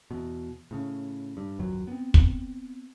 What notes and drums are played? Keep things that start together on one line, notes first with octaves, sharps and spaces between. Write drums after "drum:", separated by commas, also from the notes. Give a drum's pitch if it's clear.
E2 B2
A2 C#3
G2
G#1 C#2 F#2 F#3
B3 C4
drum: kick